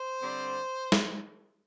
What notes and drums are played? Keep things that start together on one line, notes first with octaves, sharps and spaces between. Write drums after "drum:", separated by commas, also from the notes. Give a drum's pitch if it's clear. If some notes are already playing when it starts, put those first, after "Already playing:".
Already playing: C5
D3 G3 C4
drum: snare